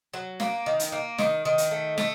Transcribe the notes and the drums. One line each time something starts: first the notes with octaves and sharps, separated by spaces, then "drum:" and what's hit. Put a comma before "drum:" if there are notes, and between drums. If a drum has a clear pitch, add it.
F#3
A#3, drum: snare
D#3
drum: hi-hat
A#3
D#3, drum: snare
D#3
drum: hi-hat
A3
A3, drum: snare